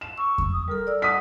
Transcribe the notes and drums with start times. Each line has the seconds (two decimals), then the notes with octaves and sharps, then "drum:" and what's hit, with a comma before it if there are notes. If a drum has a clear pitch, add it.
0.01 E7
0.18 C#6 E6
0.38 drum: kick F2
0.53 D#6
0.68 G3 A4 A#4
0.87 D5 E6
1.02 F#5 D#6 B6